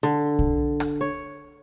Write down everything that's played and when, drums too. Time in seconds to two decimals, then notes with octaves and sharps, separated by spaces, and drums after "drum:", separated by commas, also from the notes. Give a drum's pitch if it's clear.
0.03 D3
0.39 drum: kick
0.80 drum: rim click
1.01 C#5